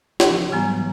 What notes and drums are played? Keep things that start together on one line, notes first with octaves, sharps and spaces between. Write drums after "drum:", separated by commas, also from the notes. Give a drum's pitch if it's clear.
C#3 E3 F3, drum: snare
G#2 E3 F#3 G3 B3 A#5